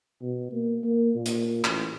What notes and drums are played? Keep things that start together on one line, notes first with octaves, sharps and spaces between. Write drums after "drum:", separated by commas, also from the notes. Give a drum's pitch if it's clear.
B2
A#3
A#3
A#2
drum: hi-hat
A1, drum: clap